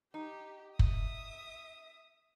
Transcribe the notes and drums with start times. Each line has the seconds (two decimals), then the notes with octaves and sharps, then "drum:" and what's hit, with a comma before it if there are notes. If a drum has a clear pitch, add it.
0.14 D#4 G4
0.79 E5 D#6, drum: kick